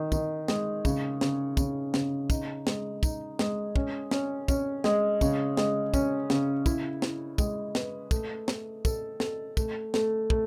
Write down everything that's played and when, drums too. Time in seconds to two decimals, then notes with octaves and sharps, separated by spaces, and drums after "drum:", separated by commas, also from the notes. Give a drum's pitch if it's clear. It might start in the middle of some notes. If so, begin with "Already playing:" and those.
Already playing: D#3
0.12 D#3, drum: kick, tambourine
0.48 G#3, drum: snare
0.85 C#3, drum: kick, tambourine
1.21 C#3, drum: snare
1.57 C#3, drum: kick, tambourine
1.94 C#3, drum: snare
2.30 D#4, drum: kick, tambourine
2.67 G#3, drum: snare
3.03 D#4, drum: kick, tambourine
3.39 G#3, drum: snare
3.76 C#4, drum: kick
4.11 C#4, drum: snare
4.48 C#4, drum: kick, tambourine
4.84 G#3, drum: snare
5.21 C#3, drum: kick, tambourine
5.57 G#3, drum: snare
5.94 C#4, drum: kick, tambourine
6.30 C#3, drum: snare
6.66 E4, drum: kick, tambourine
7.02 E4, drum: snare
7.38 G#3, drum: kick, tambourine
7.75 B4, drum: snare
8.11 A3, drum: kick, tambourine
8.48 A3, drum: snare
8.85 A4, drum: kick, tambourine
9.20 A4, drum: snare
9.57 A3, drum: kick, tambourine
9.94 A3, drum: snare
10.30 A3, drum: kick